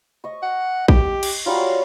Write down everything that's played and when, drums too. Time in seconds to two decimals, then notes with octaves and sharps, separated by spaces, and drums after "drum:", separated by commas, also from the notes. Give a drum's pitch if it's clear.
0.24 D#5 C#6
0.43 F#5
0.88 G4, drum: kick A#1
1.23 drum: cymbal
1.46 F#3 G3 F4 F#4